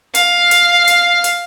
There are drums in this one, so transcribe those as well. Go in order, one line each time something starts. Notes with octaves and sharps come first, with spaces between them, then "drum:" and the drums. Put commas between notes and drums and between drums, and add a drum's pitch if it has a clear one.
F5, drum: hi-hat
drum: hi-hat
drum: hi-hat
drum: hi-hat